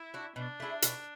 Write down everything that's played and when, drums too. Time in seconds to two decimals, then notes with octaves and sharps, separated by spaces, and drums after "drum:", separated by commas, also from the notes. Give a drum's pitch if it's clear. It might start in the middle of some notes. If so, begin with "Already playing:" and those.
Already playing: E4
0.14 D4 F#4
0.36 B2 D4
0.60 A3 E4 G#4
0.82 B2, drum: hi-hat